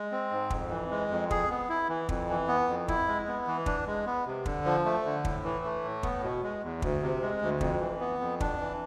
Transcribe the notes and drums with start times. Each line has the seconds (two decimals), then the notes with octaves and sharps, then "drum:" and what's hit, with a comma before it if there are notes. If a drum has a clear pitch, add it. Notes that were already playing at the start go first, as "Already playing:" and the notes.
Already playing: G#3
0.12 C4
0.31 G#2
0.50 F2, drum: kick
0.70 E3
0.91 G#3
1.11 F2
1.31 G#4, drum: kick
1.50 B3
1.69 E4
1.89 E3
2.09 F2, drum: kick
2.29 E3
2.48 B3
2.68 F2
2.88 E4, drum: kick
3.08 G#3
3.27 B3
3.47 E3
3.66 D4, drum: kick
3.87 G#3
4.06 B3
4.26 C3
4.46 D3, drum: kick
4.65 F3
4.85 A3
5.05 D3
5.25 A2, drum: kick
5.44 E3
5.65 A3
5.84 A2
6.03 B3, drum: kick
6.23 B2
6.43 G#3
6.63 E2
6.82 D2, drum: kick
7.03 C3
7.22 G#3
7.42 D2
7.61 F2, drum: kick
7.81 E3
8.01 B3
8.21 F2
8.40 D4, drum: kick
8.60 E3